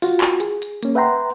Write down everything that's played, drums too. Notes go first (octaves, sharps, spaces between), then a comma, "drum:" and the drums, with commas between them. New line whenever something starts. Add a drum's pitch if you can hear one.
F4 F#4, drum: open hi-hat
drum: clap
G#4, drum: hi-hat
drum: hi-hat
A#3 C#4, drum: hi-hat
B4 E5 F#5 G5 A#5 C6